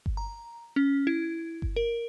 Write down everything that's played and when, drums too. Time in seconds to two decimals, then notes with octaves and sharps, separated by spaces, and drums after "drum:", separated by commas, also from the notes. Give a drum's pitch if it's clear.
0.06 drum: kick G1
0.17 A#5
0.76 C#4
1.07 E4
1.62 drum: kick G1
1.76 A#4